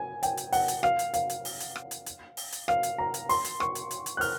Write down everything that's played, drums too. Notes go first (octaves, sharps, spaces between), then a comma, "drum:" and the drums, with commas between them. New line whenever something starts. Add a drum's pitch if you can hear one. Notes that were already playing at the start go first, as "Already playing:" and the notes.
Already playing: G#5
G5, drum: hi-hat
drum: hi-hat
F#5, drum: open hi-hat
drum: hi-hat
F5, drum: rim click
drum: hi-hat
F5, drum: hi-hat
drum: hi-hat
drum: open hi-hat
drum: hi-hat
drum: rim click
drum: hi-hat
drum: hi-hat
drum: open hi-hat
drum: hi-hat
F5, drum: rim click
drum: hi-hat
A#5
drum: hi-hat
C6, drum: open hi-hat
drum: hi-hat
C#6, drum: rim click
drum: hi-hat
drum: hi-hat
drum: hi-hat
F#6
F6, drum: open hi-hat